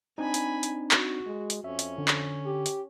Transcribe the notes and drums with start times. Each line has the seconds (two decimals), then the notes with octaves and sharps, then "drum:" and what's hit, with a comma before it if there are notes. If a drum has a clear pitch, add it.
0.18 C4 D4 D#4 G#5 B5
0.34 drum: hi-hat
0.63 drum: hi-hat
0.91 F#4, drum: clap
1.27 G#3
1.50 drum: hi-hat
1.64 F2 C#4 E5
1.79 drum: hi-hat
1.98 D3
2.08 drum: clap
2.46 G4
2.66 drum: hi-hat